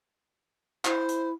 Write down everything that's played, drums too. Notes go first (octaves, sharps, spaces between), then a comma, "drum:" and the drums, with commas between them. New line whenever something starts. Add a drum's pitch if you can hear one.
E4 C5, drum: clap
drum: hi-hat